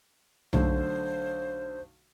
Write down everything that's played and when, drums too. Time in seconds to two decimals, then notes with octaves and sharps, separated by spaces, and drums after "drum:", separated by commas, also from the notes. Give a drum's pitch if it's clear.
0.53 B1 D3 A3 C5, drum: tom B1